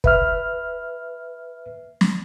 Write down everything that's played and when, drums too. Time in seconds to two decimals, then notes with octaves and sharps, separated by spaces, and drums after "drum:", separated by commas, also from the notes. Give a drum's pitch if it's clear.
0.04 B4 E5 F6, drum: kick
2.01 drum: snare